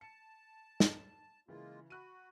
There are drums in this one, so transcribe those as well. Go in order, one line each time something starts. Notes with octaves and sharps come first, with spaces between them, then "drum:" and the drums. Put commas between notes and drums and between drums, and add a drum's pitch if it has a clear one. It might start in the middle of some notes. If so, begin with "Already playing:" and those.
A5 C#7
drum: snare
C#3 E3 G#3 A#3 F4
F#4 B5 F#6 D#7